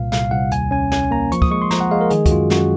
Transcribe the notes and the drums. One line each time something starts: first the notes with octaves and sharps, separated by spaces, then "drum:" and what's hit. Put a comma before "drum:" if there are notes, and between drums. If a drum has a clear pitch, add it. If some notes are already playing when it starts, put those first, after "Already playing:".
Already playing: C2 A#2 F5
C2 F5, drum: snare
C2 F#5
D#2 G#5, drum: hi-hat
C#4 G#5
C#4 G#5, drum: snare
A#3 A#5
F3 C#6, drum: hi-hat
D#6, drum: kick
G#3 C#6
C6
F3 A#5, drum: snare
F#5
G#3 F5
A#4
D#3 G#4, drum: hi-hat
F#4, drum: kick, hi-hat
F#2 F4
F#2 F#4, drum: snare